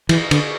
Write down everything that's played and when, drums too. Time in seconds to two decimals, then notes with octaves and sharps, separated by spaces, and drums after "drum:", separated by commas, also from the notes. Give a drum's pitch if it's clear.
0.09 E3, drum: cymbal
0.31 D3, drum: cymbal